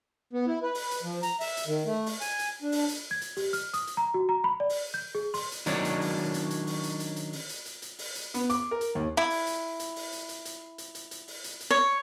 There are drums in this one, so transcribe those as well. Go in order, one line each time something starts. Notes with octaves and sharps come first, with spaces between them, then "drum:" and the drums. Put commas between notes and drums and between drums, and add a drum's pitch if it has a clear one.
B3
E4
B4
drum: open hi-hat
drum: hi-hat
F3
A#5, drum: hi-hat
E5, drum: open hi-hat
drum: hi-hat
D#3
A3
drum: open hi-hat
G#5, drum: hi-hat
drum: hi-hat
D4
drum: open hi-hat
drum: hi-hat
G#6
drum: hi-hat
G4, drum: open hi-hat
F6, drum: hi-hat
D#6, drum: hi-hat
drum: hi-hat
A#5
F#4
A#5
B5
D5
drum: open hi-hat
G6
G#4
C6, drum: open hi-hat
drum: hi-hat
D#3 F#3 C#4 D4 E4 D5, drum: hi-hat
drum: hi-hat
drum: open hi-hat
drum: hi-hat
drum: hi-hat
drum: open hi-hat
drum: hi-hat
drum: hi-hat
drum: hi-hat
drum: open hi-hat
drum: hi-hat
drum: hi-hat
drum: hi-hat
drum: open hi-hat
drum: hi-hat
B3, drum: hi-hat
D6, drum: hi-hat
A#4
drum: hi-hat
D#2
E4
drum: open hi-hat
drum: hi-hat
drum: hi-hat
drum: open hi-hat
drum: hi-hat
drum: hi-hat
drum: hi-hat
drum: hi-hat
drum: hi-hat
drum: hi-hat
drum: open hi-hat
drum: hi-hat
drum: hi-hat
C#5